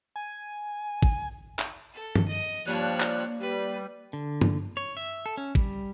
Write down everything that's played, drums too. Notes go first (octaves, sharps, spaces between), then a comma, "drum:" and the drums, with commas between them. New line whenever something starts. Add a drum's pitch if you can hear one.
G#5
drum: kick G#1
drum: clap
A4
drum: tom G2
D#5
F3 G3 A#3 D4 C#5 F#6
drum: clap
G3 B4
D3
drum: tom G2
C#5
E5
A4
C#4
G3, drum: kick G#1